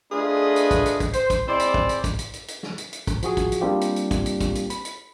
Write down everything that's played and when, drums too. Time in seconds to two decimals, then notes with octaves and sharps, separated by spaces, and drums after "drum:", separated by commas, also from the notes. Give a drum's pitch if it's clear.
0.12 A3 D4 F4 G#4 B4 D#5
0.56 drum: hi-hat
0.71 drum: kick, hi-hat
0.86 drum: hi-hat
1.00 drum: kick, hi-hat
1.13 C5, drum: hi-hat
1.30 drum: kick, hi-hat
1.48 G#3 C4 E4 C5 D5
1.60 drum: hi-hat
1.74 drum: kick
1.89 drum: hi-hat
2.04 drum: kick, hi-hat
2.19 drum: hi-hat
2.33 drum: hi-hat
2.48 drum: hi-hat
2.63 drum: snare
2.78 drum: hi-hat
2.93 drum: hi-hat
3.07 drum: kick, hi-hat
3.23 F3 F#4 G#4, drum: hi-hat
3.37 drum: kick, hi-hat
3.52 drum: hi-hat
3.61 G3 A#3 C4 D4 F4 G4
3.81 drum: hi-hat
3.96 drum: hi-hat
4.11 drum: kick, hi-hat
4.26 drum: hi-hat
4.41 drum: kick, hi-hat
4.55 drum: hi-hat
4.70 B5, drum: hi-hat
4.85 drum: hi-hat